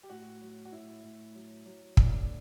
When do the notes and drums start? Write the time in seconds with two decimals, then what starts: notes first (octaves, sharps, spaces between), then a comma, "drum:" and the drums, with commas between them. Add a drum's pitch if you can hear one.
0.03 G4
0.09 A2 F#4
0.41 F#3
0.65 F#4
0.72 A2 E4
1.03 A2
1.35 F#3
1.66 F#3
1.97 A3 D4, drum: kick
2.05 E4
2.13 D4